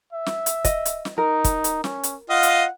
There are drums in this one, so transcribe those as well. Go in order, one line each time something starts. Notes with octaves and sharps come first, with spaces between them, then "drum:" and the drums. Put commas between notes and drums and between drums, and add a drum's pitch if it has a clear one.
E5
drum: snare
drum: hi-hat
D#5, drum: kick, hi-hat
drum: hi-hat
drum: snare
D#4 A#4
drum: kick, hi-hat
drum: hi-hat
C#4, drum: snare
drum: hi-hat
F4 D#5 F5 F#5
drum: hi-hat